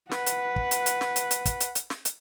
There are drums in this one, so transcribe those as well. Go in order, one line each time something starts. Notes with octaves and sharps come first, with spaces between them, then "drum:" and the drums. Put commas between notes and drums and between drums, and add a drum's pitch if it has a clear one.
B4 F#5, drum: snare
drum: hi-hat
drum: kick
drum: hi-hat
drum: hi-hat
drum: snare
drum: hi-hat
drum: hi-hat
drum: kick, hi-hat
drum: hi-hat
drum: hi-hat
drum: snare
drum: hi-hat